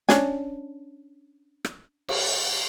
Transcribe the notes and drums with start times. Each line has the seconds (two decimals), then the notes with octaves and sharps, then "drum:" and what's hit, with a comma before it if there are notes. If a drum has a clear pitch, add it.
0.09 C#4 D4 G#5, drum: snare
1.65 drum: rim click
2.09 drum: cymbal